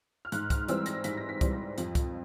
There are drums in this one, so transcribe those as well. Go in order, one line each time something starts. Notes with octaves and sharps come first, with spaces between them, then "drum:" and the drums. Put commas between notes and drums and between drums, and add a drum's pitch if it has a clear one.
F6
G#2 F#6, drum: hi-hat
F6, drum: kick C2, hi-hat
E3 G3 C4 E6, drum: hi-hat
A#6, drum: hi-hat
G#2 B6, drum: hi-hat
A#6
B6
E3 G3 C4, drum: kick C2, hi-hat
A#6
F2, drum: hi-hat
drum: kick C2, hi-hat